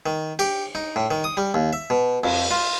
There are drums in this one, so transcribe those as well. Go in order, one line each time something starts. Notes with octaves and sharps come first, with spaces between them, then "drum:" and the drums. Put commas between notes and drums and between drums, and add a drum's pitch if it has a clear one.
D#3
G4, drum: cymbal
D#4
A2
D#3
D#6
G3
D#2
E5
B2
F2, drum: cymbal
F4